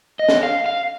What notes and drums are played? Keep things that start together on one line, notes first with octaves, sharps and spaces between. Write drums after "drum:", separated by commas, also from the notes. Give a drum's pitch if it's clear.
D#5
drum: snare
F5
F5